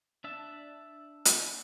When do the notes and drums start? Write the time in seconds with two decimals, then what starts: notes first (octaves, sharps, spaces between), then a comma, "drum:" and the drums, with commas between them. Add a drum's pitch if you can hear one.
0.24 D4 E5 A5
1.25 drum: hi-hat